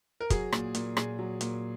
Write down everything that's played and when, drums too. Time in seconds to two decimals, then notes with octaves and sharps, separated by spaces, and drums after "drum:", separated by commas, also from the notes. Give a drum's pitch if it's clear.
0.21 A#4
0.30 F#3 G#4, drum: kick, hi-hat
0.52 A#2, drum: rim click
0.75 A#2, drum: hi-hat
0.97 A#2 G#4, drum: rim click
1.19 F#3
1.41 A#2, drum: hi-hat